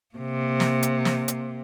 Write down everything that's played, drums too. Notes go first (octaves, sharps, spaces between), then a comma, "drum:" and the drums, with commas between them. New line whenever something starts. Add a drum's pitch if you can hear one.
C3 A#3
drum: snare
drum: hi-hat
drum: snare
drum: hi-hat